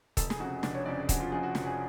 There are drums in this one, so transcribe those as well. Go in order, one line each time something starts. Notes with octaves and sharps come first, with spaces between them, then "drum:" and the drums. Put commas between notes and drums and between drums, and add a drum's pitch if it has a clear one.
F1 A4, drum: kick, hi-hat
G#4, drum: snare
F2 C#3 F#4
F1 D4, drum: snare
C#5
F2 C#3 D5
G#4
F1 F#4, drum: kick, hi-hat
F4
F2 C#3 G#4
F#4
F1 F#4, drum: snare
G#4